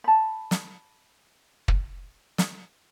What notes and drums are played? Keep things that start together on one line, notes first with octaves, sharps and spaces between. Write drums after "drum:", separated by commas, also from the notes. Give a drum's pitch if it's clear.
A5 B5
drum: snare
drum: kick
drum: snare